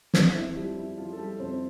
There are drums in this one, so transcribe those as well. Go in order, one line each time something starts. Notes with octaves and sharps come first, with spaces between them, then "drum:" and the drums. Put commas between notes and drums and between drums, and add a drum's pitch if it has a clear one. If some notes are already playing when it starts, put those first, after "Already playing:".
F2 C4 C5, drum: snare
E4 E5
F3 G3 G4
E4
F3 F4
A4
G3 G4
F2 C4 C5